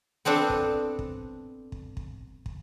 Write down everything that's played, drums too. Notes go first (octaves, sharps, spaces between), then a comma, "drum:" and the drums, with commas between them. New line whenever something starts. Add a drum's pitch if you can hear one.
B3 C4 D4 A4
drum: kick
drum: kick
drum: kick
drum: kick
drum: kick